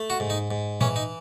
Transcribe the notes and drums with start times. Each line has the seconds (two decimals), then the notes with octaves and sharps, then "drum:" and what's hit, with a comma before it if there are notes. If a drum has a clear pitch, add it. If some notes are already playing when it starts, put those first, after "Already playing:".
Already playing: A3
0.10 F#4
0.20 G#2
0.30 D#4
0.51 G#2
0.81 E3 C#4, drum: tom A#2
0.96 D#4